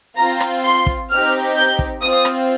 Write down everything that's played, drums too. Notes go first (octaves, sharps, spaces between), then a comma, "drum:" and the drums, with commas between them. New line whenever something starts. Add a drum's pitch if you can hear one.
C4 F4 A#5
drum: rim click
C6
drum: kick
C4 D#4 G4 F6
G6
drum: kick
C4 F4 D#6
drum: rim click